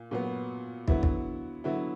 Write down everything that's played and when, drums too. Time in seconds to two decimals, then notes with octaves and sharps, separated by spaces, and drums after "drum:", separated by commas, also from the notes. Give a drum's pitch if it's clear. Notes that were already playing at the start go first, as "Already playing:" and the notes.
Already playing: A#2
0.11 A#2 F#3 B3
0.88 D3 F#3 B3 E4, drum: kick
1.03 drum: kick
1.64 D3 F#3 B3 E4